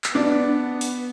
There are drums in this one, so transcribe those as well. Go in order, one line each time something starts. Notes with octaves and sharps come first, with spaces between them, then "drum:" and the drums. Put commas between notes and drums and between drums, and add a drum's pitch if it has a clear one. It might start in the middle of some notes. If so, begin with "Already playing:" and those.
drum: clap
B3 D4
drum: open hi-hat